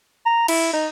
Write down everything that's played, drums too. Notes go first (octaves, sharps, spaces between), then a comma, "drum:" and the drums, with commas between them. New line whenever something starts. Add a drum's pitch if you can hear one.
A#5
E4, drum: cymbal
D#4